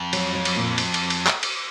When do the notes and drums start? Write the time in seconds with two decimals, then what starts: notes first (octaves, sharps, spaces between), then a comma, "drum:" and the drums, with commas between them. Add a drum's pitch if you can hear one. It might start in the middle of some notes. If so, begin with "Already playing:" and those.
Already playing: F2
0.13 F#3, drum: cymbal
0.35 F#3
0.45 drum: cymbal
0.56 A#2
0.78 drum: cymbal
0.94 drum: cymbal
1.10 drum: cymbal
1.27 drum: clap
1.43 drum: cymbal